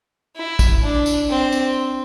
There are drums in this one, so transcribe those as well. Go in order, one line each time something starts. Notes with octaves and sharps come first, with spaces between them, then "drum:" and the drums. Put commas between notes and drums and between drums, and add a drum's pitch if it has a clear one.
E4
drum: kick, tambourine
D4
drum: tambourine
C4
drum: tambourine